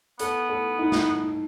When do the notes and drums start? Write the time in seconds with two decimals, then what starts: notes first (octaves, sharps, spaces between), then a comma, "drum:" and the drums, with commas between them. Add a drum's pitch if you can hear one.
0.19 B3 A4, drum: hi-hat
0.49 A4
0.79 D#4
0.92 drum: snare